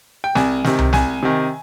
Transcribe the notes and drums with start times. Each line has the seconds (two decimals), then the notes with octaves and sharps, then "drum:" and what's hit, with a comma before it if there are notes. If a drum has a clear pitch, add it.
0.24 G5
0.35 C2 G#5, drum: snare
0.64 C3 D#3, drum: snare
0.79 drum: tom C2
0.93 C2 G#5, drum: snare
1.23 C3 D#3